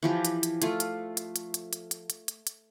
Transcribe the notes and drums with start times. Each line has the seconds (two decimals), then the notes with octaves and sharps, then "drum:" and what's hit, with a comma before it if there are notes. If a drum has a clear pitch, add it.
0.03 E3 F3 G4
0.25 drum: hi-hat
0.43 drum: hi-hat
0.62 A3 F4, drum: hi-hat
0.80 drum: hi-hat
1.17 drum: hi-hat
1.36 drum: hi-hat
1.54 drum: hi-hat
1.73 drum: hi-hat
1.91 drum: hi-hat
2.10 drum: hi-hat
2.28 drum: hi-hat
2.47 drum: hi-hat